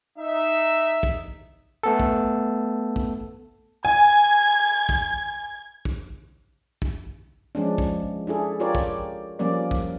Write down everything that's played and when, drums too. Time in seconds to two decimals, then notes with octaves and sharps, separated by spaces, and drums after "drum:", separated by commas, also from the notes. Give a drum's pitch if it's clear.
0.19 D#4 E5
1.03 drum: kick
1.83 A3 B3 A4
2.00 drum: kick
2.96 drum: kick
3.85 G#5 G#6
4.89 drum: kick
5.85 drum: kick
6.82 drum: kick
7.55 F3 G#3 C#4 D4
7.78 drum: kick
8.27 D4 E4 G#4 A4
8.60 F4 G4 A#4 C#5 D5
8.75 drum: kick
9.39 F3 G3 A#3 C#4 D5
9.71 drum: kick